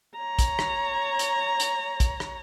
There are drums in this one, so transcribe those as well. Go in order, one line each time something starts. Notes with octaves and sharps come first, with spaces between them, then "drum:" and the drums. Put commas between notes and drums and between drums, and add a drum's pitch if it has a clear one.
C#5 A#5
drum: kick, hi-hat
drum: rim click
drum: hi-hat
drum: hi-hat
drum: kick, hi-hat
drum: rim click